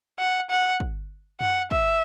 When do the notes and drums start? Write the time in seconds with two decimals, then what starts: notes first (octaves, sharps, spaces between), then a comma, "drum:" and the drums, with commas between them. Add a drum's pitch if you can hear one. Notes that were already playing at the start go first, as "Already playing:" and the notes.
0.19 F#5
0.50 F#5
0.80 drum: kick
1.41 F#5, drum: tom F#2
1.71 E5, drum: kick